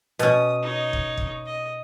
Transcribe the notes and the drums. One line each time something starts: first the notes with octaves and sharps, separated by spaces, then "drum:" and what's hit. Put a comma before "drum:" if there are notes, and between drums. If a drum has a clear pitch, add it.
B2 C#4 D#6, drum: hi-hat
D#4 C#5
drum: kick
drum: kick
D#5